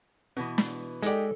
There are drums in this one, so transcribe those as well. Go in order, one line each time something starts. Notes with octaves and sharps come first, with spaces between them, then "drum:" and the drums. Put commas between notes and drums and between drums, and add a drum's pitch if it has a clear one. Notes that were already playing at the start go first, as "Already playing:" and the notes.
B2 E3 B3
drum: snare
G#3 D#4 G4 A4 D5, drum: hi-hat